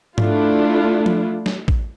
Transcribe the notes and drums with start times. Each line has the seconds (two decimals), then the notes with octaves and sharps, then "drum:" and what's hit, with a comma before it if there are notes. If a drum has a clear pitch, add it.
0.18 A3 D4 E4 F4, drum: tom G#2
1.06 drum: tom F3
1.46 drum: snare
1.68 drum: kick